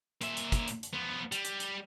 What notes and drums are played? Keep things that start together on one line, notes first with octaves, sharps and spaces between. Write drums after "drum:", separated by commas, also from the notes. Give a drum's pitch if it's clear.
A#2 E5, drum: hi-hat
drum: hi-hat
drum: kick, hi-hat
drum: hi-hat
drum: hi-hat
F3 B3
G3, drum: hi-hat
drum: hi-hat
drum: hi-hat